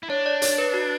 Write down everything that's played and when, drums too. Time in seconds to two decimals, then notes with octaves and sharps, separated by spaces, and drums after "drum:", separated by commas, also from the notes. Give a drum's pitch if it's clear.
0.03 E4
0.09 D4 C#5
0.26 D5
0.42 C#5, drum: hi-hat
0.58 B4
0.74 F#4